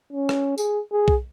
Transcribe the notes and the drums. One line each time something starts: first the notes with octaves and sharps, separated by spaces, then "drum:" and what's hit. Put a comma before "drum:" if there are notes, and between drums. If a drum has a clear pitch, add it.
C#4
drum: rim click
G#4, drum: tambourine
G#4
drum: kick B1